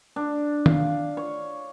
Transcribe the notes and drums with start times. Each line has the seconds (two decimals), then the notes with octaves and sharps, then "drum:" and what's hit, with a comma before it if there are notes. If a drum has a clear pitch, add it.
0.16 D4
0.66 F5, drum: tom D#3
1.17 C#5